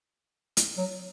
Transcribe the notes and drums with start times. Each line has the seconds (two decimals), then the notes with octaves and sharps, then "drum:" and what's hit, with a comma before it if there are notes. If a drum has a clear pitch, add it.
0.57 drum: hi-hat
0.78 F#3